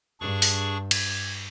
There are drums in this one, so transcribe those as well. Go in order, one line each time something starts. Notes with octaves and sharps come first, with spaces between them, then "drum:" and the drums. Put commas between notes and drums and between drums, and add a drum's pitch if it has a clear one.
G2 D4 G#4 C#6
drum: open hi-hat
G#6, drum: cymbal